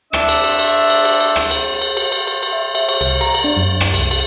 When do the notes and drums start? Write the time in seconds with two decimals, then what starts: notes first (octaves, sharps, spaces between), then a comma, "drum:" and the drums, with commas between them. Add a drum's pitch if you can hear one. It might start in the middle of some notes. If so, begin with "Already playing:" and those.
0.13 D4 E5, drum: rim click
0.28 drum: cymbal
0.44 drum: cymbal
0.59 drum: cymbal
0.90 drum: cymbal
1.05 drum: cymbal
1.20 drum: cymbal
1.36 drum: rim click
1.51 drum: cymbal
1.82 drum: cymbal
1.97 drum: cymbal
2.12 drum: cymbal
2.27 drum: cymbal
2.43 drum: cymbal
2.53 E5
2.75 E5, drum: cymbal
2.89 C#6, drum: cymbal
3.01 C2, drum: cymbal
3.21 A#5, drum: cymbal
3.35 drum: cymbal
3.44 D4
3.57 F#2
3.80 drum: rim click
3.94 C2, drum: cymbal
4.11 drum: cymbal